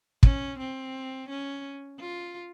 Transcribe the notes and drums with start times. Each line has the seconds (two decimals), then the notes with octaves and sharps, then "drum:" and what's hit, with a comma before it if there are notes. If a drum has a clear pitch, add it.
0.23 C#4, drum: kick
0.58 C4
1.29 C#4
2.00 F4